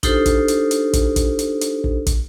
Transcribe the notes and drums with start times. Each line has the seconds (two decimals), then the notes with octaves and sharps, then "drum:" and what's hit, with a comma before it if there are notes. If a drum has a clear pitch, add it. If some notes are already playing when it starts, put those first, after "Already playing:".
0.03 D4 D#4 F4 G4 A4 C5, drum: kick, hi-hat
0.26 drum: kick, hi-hat
0.48 drum: hi-hat
0.71 drum: hi-hat
0.93 drum: kick, hi-hat
1.16 drum: kick, hi-hat
1.39 drum: hi-hat
1.61 drum: hi-hat
1.84 drum: kick
2.06 drum: kick, hi-hat